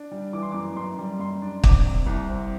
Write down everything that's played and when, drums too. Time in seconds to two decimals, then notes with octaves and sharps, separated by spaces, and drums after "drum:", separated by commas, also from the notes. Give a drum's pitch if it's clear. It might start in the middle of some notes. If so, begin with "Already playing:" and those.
Already playing: D4
0.12 G3
0.33 E3 D6
0.43 C6
0.51 F#2 D6
0.76 F#2 C6
0.99 G3
1.19 F#2 C6
1.42 D4
1.64 C4 D6, drum: kick
1.86 C3
2.06 C2
2.28 C4